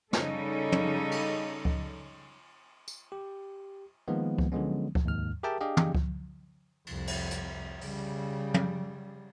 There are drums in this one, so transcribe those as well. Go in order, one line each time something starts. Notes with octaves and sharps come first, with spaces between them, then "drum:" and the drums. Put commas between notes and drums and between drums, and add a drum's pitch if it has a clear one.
C#3 G3 C#4 D#4 A4, drum: snare
drum: tom
drum: cymbal
drum: kick C#2
drum: tambourine
G4
D#3 F3 G#3 A#3 B3
drum: kick C#2
D3 F3 F#3 G#3 B3 C#4
drum: kick C#2
D#2 G#2 F6
G4 G#4 A#4 E5 G5 A5
D4 G4 G#4 D#5 F5 G5
drum: tom
drum: kick C#2
C2 F2, drum: cymbal
drum: cymbal
drum: hi-hat
C#3 G3, drum: open hi-hat
drum: tom